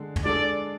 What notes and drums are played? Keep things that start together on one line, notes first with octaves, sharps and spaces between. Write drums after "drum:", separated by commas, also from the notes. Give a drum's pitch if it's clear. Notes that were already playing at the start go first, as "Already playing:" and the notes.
Already playing: D3 G#3
drum: tom
G#3 D4 A4 D5